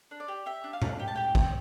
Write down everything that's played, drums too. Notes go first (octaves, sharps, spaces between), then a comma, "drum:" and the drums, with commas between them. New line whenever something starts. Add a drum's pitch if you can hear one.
D4
D5
G4
G4 E5
D4
F5
D4, drum: tom A2
G4 G5
A5
G4 G5
C4, drum: kick G#1